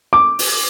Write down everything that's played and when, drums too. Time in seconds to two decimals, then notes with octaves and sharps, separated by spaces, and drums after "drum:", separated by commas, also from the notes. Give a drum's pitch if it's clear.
0.13 D6
0.39 drum: open hi-hat